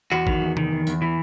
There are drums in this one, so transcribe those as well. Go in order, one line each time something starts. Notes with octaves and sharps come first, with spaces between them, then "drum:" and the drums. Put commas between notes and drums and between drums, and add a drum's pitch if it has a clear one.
E2 F#4
D#3, drum: kick G#1
E2
D#3, drum: tom C3
E2
E2, drum: tambourine
E3